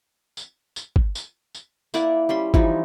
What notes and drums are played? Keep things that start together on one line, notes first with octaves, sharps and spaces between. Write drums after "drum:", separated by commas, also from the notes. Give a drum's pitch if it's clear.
drum: tambourine
drum: tambourine
drum: kick
drum: tambourine
drum: tambourine
A#3 E4 D5 F#5, drum: tambourine
G3 C#4 B5 C6
E3 F3 G3 D#4, drum: kick